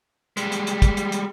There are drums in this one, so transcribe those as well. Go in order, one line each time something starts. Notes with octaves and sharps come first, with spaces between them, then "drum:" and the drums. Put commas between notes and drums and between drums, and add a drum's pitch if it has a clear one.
G3 G#3, drum: hi-hat
drum: hi-hat
drum: hi-hat
drum: kick, hi-hat
drum: hi-hat
drum: hi-hat